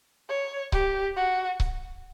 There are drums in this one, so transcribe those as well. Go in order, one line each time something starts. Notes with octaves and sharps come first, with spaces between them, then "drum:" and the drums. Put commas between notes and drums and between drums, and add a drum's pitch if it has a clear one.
C#5
G4, drum: kick C#1
F#4
drum: kick C#1